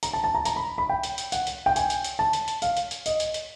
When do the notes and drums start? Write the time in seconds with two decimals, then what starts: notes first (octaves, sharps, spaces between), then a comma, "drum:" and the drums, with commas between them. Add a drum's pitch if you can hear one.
0.03 A#5, drum: hi-hat
0.13 A5
0.24 A5
0.35 A#5
0.45 A#5, drum: hi-hat
0.56 B5
0.78 B5
0.89 G5
1.03 drum: hi-hat
1.18 drum: hi-hat
1.32 F#5, drum: hi-hat
1.47 drum: hi-hat
1.66 G5
1.76 G#5, drum: hi-hat
1.90 drum: hi-hat
2.04 drum: hi-hat
2.19 A5
2.33 drum: hi-hat
2.48 drum: hi-hat
2.62 F5, drum: hi-hat
2.77 drum: hi-hat
2.91 drum: hi-hat
3.06 D#5, drum: hi-hat
3.20 drum: hi-hat
3.34 drum: hi-hat